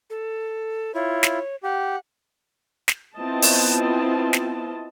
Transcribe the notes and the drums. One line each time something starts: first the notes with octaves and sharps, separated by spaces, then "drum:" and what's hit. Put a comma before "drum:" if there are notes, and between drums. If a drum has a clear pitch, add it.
A4
E4 F4 C#5
drum: snare
G4 F#5
drum: snare
B3 C4 E4 F4 D#5 A5
drum: open hi-hat
drum: snare